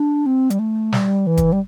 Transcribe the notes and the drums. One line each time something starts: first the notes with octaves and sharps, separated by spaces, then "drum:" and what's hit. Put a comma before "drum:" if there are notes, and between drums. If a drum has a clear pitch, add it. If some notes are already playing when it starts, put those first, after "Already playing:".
Already playing: D4
C4
G3, drum: hi-hat
A3
G3, drum: snare
E3
drum: kick, hi-hat
G3